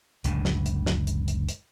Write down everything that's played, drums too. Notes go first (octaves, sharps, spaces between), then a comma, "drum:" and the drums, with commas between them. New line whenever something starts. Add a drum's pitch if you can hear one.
F#1 C#2 A2 D3, drum: hi-hat
drum: snare
drum: hi-hat
drum: snare
drum: hi-hat
drum: hi-hat
drum: hi-hat